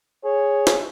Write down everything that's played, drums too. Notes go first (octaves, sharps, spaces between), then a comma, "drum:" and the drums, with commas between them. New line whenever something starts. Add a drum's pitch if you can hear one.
G#4 C#5
drum: snare